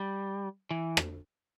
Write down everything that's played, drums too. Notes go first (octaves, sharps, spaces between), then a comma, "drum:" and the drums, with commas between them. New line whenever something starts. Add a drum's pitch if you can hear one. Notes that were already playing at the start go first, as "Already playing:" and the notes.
Already playing: G3
E3
drum: rim click